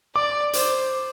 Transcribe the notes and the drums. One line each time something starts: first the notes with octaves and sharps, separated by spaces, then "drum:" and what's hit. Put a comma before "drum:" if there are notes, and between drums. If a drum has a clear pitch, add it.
D5 D6
C5, drum: hi-hat